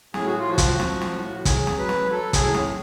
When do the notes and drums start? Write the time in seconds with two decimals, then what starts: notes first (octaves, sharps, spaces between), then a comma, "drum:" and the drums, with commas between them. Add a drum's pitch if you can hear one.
0.14 A2 G#4, drum: snare
0.26 F#4
0.38 F4
0.47 F3 F#4
0.58 drum: kick, hi-hat
0.80 F3, drum: snare
1.01 drum: snare
1.13 A2
1.45 F#3 G#4, drum: kick, hi-hat
1.67 drum: snare
1.78 F#3 B4
1.89 drum: snare
2.11 F#3 A4
2.33 G#4, drum: kick, hi-hat
2.43 A2
2.54 drum: snare